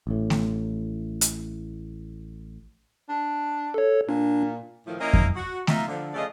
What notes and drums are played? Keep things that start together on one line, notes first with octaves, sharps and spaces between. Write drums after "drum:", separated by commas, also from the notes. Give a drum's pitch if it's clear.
A1 A2
drum: snare A3
drum: hi-hat
D4
A4 C#5
A#2 D4
A2 D#3 F3
A#3 C#4 E4 A#4 D#5
drum: kick F2
F#4
D#4 F4 E5, drum: snare A3
D3 F3
C#3 A3 B3 F4 D5 D#5